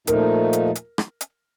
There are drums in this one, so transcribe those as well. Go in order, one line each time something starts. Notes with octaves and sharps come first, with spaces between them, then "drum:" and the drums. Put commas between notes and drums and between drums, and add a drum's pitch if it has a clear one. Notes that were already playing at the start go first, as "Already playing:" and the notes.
A#2 F3 A3 D#4 A#4, drum: hi-hat
drum: hi-hat
drum: hi-hat
drum: rim click
drum: hi-hat